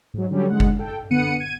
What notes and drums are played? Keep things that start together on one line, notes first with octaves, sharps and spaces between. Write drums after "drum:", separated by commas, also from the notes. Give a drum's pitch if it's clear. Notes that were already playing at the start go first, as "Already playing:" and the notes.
G#2 F#3
D3 F#3 G3 C#4
G#2 D3 G#3 F#5
drum: kick F#1
A4 G5
D3 B3 F#5 C#7 D#7
G#6 D#7